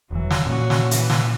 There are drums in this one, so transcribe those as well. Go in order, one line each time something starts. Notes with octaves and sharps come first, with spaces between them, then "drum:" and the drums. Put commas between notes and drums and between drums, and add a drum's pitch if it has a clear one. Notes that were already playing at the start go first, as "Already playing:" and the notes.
E1 E3 F#3
drum: snare
A#2 C#4 F#4
drum: snare
E3, drum: hi-hat
drum: snare